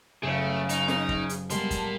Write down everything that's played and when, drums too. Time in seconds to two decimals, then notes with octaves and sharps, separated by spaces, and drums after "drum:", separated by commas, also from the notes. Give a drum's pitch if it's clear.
0.23 F#1 A3 G#4 C#5 F5
0.69 D#4 D#5, drum: hi-hat
0.88 drum: snare
1.09 drum: kick
1.29 drum: hi-hat
1.50 G3 G#3 B3 A#4 A5 C6, drum: hi-hat
1.71 drum: kick, hi-hat